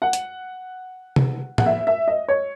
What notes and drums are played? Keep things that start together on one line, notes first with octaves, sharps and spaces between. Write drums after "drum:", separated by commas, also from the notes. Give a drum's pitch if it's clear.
F#5
drum: hi-hat
drum: tom C3
F#5, drum: tom A2
E5
E5
D#5
C#5